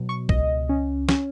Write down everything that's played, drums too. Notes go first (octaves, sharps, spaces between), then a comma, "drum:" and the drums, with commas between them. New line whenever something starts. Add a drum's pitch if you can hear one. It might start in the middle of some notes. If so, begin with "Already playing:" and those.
Already playing: B2 F#3
C#6
C#2 D#5, drum: kick
C#4
C#4, drum: snare